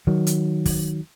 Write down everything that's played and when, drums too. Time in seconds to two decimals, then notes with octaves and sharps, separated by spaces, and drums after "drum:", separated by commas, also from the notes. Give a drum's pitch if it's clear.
0.07 D#3 F#3
0.27 drum: hi-hat
0.66 drum: kick, open hi-hat